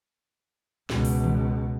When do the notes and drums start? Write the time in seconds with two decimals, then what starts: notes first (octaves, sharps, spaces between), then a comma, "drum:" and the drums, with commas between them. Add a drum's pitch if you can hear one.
0.90 C#2 B2, drum: snare
1.05 drum: open hi-hat
1.24 drum: tom D#3